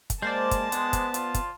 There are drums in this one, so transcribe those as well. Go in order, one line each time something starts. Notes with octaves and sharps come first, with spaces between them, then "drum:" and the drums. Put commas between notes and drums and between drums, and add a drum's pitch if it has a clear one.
drum: kick, hi-hat
G#3 A#3 C5 D5 A5
drum: kick, hi-hat
G#3 B3, drum: hi-hat
drum: kick, hi-hat
F4, drum: hi-hat
drum: kick, hi-hat